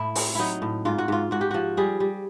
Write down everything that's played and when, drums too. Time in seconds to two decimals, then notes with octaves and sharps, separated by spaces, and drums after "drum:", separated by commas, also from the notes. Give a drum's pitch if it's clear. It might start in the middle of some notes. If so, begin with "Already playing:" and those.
Already playing: A2 E4
0.15 C4, drum: open hi-hat
0.35 F#3 D#4 E4
0.62 A2
0.85 G#2 F4
0.98 F#4
1.08 G#2 F4
1.31 G#2 F#4
1.41 G4
1.51 F3 F#4
1.77 G3 G#4
2.00 G3